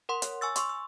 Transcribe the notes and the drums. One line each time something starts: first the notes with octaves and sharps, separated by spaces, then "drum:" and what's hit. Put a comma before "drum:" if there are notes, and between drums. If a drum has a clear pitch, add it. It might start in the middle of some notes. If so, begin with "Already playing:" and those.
A#4 F#5 C6
C#5, drum: hi-hat
G#5 C#6 E6 A6
C6 C#6 E6, drum: hi-hat
E6